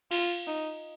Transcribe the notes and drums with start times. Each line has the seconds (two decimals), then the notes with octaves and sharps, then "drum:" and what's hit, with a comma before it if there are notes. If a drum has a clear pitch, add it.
0.11 F4, drum: cymbal
0.47 D#4